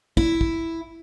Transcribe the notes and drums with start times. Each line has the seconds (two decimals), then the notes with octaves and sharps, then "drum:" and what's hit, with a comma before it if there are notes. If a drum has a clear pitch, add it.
0.17 E4, drum: kick
0.41 drum: kick